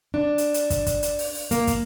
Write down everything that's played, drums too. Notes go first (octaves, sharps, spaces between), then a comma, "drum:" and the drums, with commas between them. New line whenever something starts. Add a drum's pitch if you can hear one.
D4
drum: hi-hat
drum: hi-hat
drum: kick, hi-hat
drum: kick, hi-hat
drum: hi-hat
drum: open hi-hat
drum: open hi-hat
A#3, drum: hi-hat
drum: kick, hi-hat